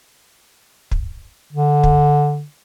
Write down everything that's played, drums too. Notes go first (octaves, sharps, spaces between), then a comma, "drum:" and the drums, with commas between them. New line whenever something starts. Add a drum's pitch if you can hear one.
drum: kick
D3
drum: kick